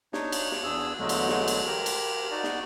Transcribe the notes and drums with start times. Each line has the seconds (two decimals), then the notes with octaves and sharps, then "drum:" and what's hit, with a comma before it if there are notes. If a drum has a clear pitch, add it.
0.13 D4 D#4 C#5, drum: snare
0.32 drum: cymbal
0.52 drum: snare
0.64 E2 D4 G#4 E6
0.99 E2 D3 F#3 G#3 A3
1.09 drum: cymbal
1.28 drum: snare
1.48 drum: cymbal
1.66 G4 A#4
1.86 drum: cymbal
2.31 D#4 F#4 D5
2.44 drum: snare